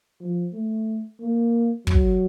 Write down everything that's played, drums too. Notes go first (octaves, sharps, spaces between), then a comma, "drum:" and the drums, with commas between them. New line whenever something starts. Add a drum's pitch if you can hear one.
F3
A3
A#3
F#3, drum: kick